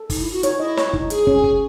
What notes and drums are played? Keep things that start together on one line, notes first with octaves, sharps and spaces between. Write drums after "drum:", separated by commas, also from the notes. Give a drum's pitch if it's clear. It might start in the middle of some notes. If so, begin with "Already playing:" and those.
Already playing: A4
D#4, drum: kick, open hi-hat
E4
F#4
D#4 C#5, drum: hi-hat
E4 D#5
C#5, drum: snare
D#4, drum: kick
G#4, drum: hi-hat
C#4, drum: kick
drum: kick